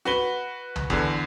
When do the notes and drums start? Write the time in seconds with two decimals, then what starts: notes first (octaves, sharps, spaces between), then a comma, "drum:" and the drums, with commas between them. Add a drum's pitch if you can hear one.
0.05 F#4 B4 G7
0.76 drum: tom
0.90 E2 D3, drum: kick